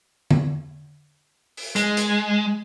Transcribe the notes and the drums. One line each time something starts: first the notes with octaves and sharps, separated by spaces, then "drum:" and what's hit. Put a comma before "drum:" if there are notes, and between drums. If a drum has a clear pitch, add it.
drum: tom D3
drum: open hi-hat
G#3, drum: hi-hat
drum: hi-hat